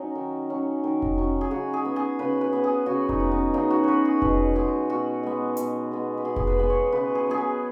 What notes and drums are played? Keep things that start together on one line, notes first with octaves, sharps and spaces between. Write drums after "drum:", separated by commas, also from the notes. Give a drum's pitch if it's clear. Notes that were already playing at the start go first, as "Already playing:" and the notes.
Already playing: F#3 C#4 D#4
D#3
F#3 C#4
D#3
drum: kick F1
F#3 C#4
G#4
C#3 F#4
G#4
B3
G#4
C#3 B4
B4
B3
G#4
C#3 F#4
D#4, drum: kick F1
B3
C#4
C#3 D#4
F#4
B3 B4 C#5
G#4
B2 B4, drum: kick F1
G#3 B3 G#4
B2 F#4
G#3 B3
B2, drum: hi-hat
G#3 B3
B4
B2 G#4
G#4, drum: kick F1
B4
G#3 B3
C#5
C#3 B4
G#4
F#3 B3 G#4
B4